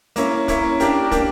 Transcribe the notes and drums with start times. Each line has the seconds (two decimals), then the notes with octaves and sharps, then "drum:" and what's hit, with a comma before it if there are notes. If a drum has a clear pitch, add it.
0.16 A#3 C#4 E4, drum: hi-hat
0.48 A#3 C#4 E4, drum: kick, hi-hat
0.80 A#3 D4 G4 A#4, drum: hi-hat
1.11 A#3 D4 G4 A#4, drum: kick, hi-hat